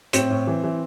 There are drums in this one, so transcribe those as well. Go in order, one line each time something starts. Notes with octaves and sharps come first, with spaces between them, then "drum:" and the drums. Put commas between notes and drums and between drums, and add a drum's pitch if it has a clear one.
A2 C4, drum: hi-hat
A2
E3
E3